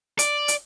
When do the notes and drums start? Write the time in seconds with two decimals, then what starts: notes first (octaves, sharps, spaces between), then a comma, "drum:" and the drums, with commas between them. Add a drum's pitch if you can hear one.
0.19 D5, drum: hi-hat
0.48 drum: hi-hat